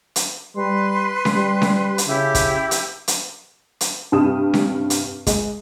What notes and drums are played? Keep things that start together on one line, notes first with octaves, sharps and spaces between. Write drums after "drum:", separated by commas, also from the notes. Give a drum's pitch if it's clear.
drum: hi-hat
G3 B4 C6
drum: snare C#4
G3
drum: snare C#4
drum: hi-hat
C#3 E4 G4 D6
drum: kick, hi-hat
drum: hi-hat
drum: hi-hat
drum: hi-hat
G2 C3 G4 D#6 E7
drum: snare C#4
drum: hi-hat
G#3, drum: kick, hi-hat